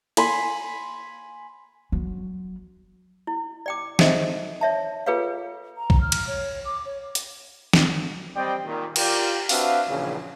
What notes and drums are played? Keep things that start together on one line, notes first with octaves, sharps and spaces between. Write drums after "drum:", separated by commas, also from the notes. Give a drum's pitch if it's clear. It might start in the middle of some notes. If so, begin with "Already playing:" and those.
G#5 B5 C6, drum: cymbal
F#3
E4
D5 G5 D6
D#4 G#4 A4 C5 D#5 E5, drum: snare
C#5 E5 A5
F4 G#4 A4 B4 C#5 F5
A#5
drum: kick
F6
drum: cymbal
C#5
D6
C#5
drum: hi-hat
drum: snare
G3 C4 D5 D#5 G5
A#2 D#3
F4 G4 A#4 D5 F5 G5, drum: cymbal
C4 D4 F#4 B4 E5 F5, drum: open hi-hat
A#1 E2 G2 C#3